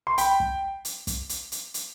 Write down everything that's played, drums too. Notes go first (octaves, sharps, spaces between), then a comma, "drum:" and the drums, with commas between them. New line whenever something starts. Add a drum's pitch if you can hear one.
C6
G5 B5, drum: hi-hat
drum: kick
drum: hi-hat
drum: kick, hi-hat
drum: hi-hat
drum: hi-hat
drum: hi-hat